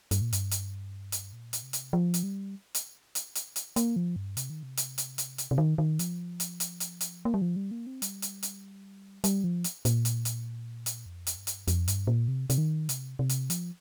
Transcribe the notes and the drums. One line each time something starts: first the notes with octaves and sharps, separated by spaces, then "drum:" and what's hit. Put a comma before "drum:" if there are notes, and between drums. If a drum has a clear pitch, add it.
G2, drum: hi-hat
A#2
G2, drum: hi-hat
drum: hi-hat
drum: hi-hat
A#2
drum: hi-hat
C3
drum: hi-hat
F3
drum: hi-hat
G3
drum: hi-hat
drum: hi-hat
drum: hi-hat
drum: hi-hat
A#3, drum: hi-hat
F3
G2
C3, drum: hi-hat
D#3
C3
drum: hi-hat
drum: hi-hat
drum: hi-hat
drum: hi-hat
C3
D#3
D#3
F3, drum: hi-hat
drum: hi-hat
drum: hi-hat
drum: hi-hat
drum: hi-hat
A#3
G3
F3
G3
A#3
C4
G3, drum: hi-hat
drum: hi-hat
drum: hi-hat
G3, drum: hi-hat
F3
drum: hi-hat
A#2, drum: hi-hat
drum: hi-hat
drum: hi-hat
drum: hi-hat
F2
drum: hi-hat
G2
drum: hi-hat
F2, drum: hi-hat
G2, drum: hi-hat
A#2
C3
C3, drum: hi-hat
D#3
C3, drum: hi-hat
C3
drum: hi-hat
F3, drum: hi-hat